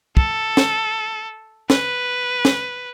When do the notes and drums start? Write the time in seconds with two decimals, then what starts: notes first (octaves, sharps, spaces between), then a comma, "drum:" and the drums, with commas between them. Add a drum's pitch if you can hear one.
0.17 A4, drum: kick
0.57 drum: snare
1.70 B4, drum: snare
2.45 drum: snare